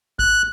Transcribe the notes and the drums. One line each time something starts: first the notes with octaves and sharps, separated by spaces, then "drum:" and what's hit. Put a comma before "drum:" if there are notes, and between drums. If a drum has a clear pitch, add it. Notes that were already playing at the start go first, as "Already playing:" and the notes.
F#6, drum: kick A1